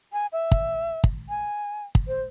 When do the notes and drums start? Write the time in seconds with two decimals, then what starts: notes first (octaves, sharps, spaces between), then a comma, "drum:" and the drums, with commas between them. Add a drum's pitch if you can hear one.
0.13 G#5
0.33 E5
0.51 drum: kick
1.04 drum: kick
1.29 G#5
1.95 drum: kick
2.08 C5